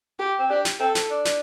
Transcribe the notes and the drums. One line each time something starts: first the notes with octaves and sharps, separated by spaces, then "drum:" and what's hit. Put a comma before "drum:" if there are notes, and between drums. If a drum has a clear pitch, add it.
G4
C4
D4 G4
drum: snare
C4 A4
drum: snare
D4
drum: snare